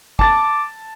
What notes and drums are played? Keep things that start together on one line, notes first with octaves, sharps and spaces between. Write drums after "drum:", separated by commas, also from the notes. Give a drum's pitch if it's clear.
A5 D6 A6, drum: kick